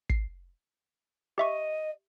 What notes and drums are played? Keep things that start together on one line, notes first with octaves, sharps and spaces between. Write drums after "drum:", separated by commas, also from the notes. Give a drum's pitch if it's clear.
C7, drum: kick
G4 D#5 E5 C#6